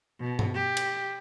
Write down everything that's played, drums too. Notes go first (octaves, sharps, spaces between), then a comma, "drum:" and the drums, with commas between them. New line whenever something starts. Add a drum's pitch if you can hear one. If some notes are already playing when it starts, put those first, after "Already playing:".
B2
drum: tom G2
G4
drum: cymbal